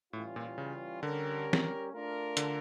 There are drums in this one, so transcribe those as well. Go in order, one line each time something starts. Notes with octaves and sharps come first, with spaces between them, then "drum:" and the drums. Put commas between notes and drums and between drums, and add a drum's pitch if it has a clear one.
A2 E3 G3 C#4 F4
A#2
C#3
D3 G3 C#4 G4 A#4
drum: snare
A3 D4 F4 A#4
D3, drum: hi-hat